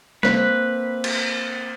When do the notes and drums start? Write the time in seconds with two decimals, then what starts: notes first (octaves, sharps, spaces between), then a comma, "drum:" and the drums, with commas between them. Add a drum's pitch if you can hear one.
0.23 A#3 C4 B4, drum: snare G#3
1.04 drum: cymbal